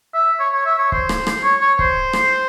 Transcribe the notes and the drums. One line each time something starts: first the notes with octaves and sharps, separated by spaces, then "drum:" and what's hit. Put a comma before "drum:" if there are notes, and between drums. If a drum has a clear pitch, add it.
E5
C#5
C#5
E5
C#5
C5, drum: kick
drum: rim click
drum: rim click
C#5
C#5
C5, drum: kick
drum: rim click